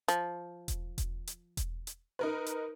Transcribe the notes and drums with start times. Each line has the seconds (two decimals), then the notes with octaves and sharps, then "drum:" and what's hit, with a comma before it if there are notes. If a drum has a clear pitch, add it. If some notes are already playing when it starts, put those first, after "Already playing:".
0.08 F3, drum: hi-hat
0.68 drum: kick E1, hi-hat
0.98 drum: kick E1, hi-hat
1.27 drum: hi-hat
1.57 drum: kick E1, hi-hat
1.87 drum: hi-hat
2.19 D#4 A#4 B4
2.46 drum: hi-hat